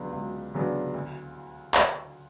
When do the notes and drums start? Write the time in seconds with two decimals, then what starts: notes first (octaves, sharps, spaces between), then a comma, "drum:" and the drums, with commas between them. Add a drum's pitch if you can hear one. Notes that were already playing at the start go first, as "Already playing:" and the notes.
Already playing: C#2 C#3 F#3 B3 D4
0.13 C#2
0.54 C#3 F#3 B3 D4
0.95 D2
1.74 drum: clap